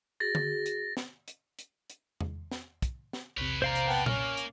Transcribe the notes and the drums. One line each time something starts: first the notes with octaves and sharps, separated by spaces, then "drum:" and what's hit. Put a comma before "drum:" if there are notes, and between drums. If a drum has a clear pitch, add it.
F#4 G#4 A6 A#6
drum: tom D3
drum: hi-hat
drum: snare
drum: hi-hat
drum: hi-hat
drum: hi-hat
drum: tom E2
drum: snare
drum: kick, hi-hat
drum: snare
B1 E2 C3 B4 C#5
A#3 C5 D5 F5 A#5
drum: hi-hat
B3 G5 A5
C#4 F6, drum: tom A#2
drum: hi-hat